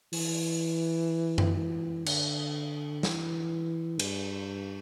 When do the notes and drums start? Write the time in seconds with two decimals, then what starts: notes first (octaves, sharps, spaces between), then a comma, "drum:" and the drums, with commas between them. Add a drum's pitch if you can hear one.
0.13 E3, drum: open hi-hat
1.38 drum: tom F#2
1.57 E3
2.06 D3, drum: cymbal
3.03 E3, drum: snare
3.99 G2, drum: cymbal